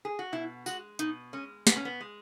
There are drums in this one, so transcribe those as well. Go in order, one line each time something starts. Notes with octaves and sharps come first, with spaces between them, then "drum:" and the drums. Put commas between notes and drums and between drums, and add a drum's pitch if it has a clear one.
G#4
F#4
B2 E4
G#3 F#4, drum: tambourine
B2 D#4, drum: hi-hat
G#3 C#4
B2 B3, drum: snare
C#4
B3
G#3